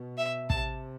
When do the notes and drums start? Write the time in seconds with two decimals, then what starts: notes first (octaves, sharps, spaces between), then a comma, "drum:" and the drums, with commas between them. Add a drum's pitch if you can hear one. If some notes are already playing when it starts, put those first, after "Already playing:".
Already playing: B2
0.18 E5
0.50 C3 A5, drum: kick